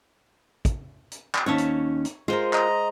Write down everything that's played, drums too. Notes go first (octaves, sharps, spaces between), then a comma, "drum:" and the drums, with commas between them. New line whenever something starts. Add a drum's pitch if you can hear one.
drum: kick, hi-hat
drum: hi-hat
drum: clap
D#2 C#4 C#5 E5 A5
drum: hi-hat
drum: hi-hat
G#3 F4 A#4 C5
D#5 A#5, drum: clap